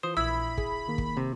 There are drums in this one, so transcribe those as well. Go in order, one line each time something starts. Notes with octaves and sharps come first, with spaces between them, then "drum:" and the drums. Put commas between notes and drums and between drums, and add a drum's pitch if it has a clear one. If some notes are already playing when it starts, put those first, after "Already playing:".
E3 F4 C5 D#6
A#1 A#2 E4 B5 E6 G#6
G#4, drum: kick
D#3 A#3
drum: kick
C3